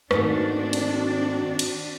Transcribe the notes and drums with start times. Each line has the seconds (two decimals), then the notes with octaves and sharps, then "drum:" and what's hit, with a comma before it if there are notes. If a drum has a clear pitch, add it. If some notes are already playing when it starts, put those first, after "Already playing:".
0.11 G#2 D#3 A3 A#3 C4 D4 F#4, drum: rim click
0.73 drum: cymbal
1.59 drum: cymbal